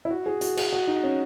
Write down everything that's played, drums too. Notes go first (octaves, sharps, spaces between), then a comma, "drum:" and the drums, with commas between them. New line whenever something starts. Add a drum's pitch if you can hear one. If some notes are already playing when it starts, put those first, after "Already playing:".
E4
F#4
G#4
F#4, drum: hi-hat
G#4, drum: cymbal
F#4
D#4
C#4